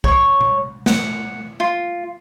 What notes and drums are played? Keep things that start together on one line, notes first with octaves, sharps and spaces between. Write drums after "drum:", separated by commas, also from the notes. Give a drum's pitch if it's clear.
C#5, drum: kick
drum: tom B2
F#5, drum: snare
F4